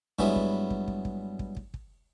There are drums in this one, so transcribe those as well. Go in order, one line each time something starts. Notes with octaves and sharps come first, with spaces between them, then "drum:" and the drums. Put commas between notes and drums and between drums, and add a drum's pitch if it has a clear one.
G2 F#3 G#3 B3 E4, drum: kick
drum: kick
drum: kick
drum: kick
drum: kick
drum: kick
drum: kick
drum: kick